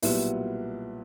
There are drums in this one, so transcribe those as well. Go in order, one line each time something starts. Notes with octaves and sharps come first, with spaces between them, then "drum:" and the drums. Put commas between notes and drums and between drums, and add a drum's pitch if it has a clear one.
B1 A#2 G3 B3 E4, drum: open hi-hat